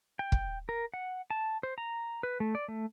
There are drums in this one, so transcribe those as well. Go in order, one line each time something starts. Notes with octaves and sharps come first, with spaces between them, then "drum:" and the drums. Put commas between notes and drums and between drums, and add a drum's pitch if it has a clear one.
G5
drum: kick
A#4
F#5
A5
C5
A#5
B4
A3
D5
A3